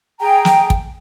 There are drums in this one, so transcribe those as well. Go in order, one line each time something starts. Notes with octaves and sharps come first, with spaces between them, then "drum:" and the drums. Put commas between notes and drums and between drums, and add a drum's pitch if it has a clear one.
G#4 G5 G#5 A#5
drum: snare
drum: kick